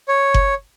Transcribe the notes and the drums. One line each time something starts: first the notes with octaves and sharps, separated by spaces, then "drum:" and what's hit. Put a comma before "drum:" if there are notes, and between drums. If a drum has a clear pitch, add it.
C#5
drum: kick F#1